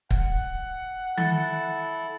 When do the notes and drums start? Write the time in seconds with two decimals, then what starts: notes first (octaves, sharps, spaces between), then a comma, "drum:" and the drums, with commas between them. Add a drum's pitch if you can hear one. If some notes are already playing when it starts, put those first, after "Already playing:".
0.11 F#5, drum: kick
1.18 E4 A4 A6, drum: tom D#3